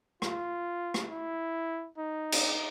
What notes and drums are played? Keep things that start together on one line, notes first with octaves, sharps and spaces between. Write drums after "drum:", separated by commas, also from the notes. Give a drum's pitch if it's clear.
F4, drum: rim click
drum: rim click
E4
D#4
drum: cymbal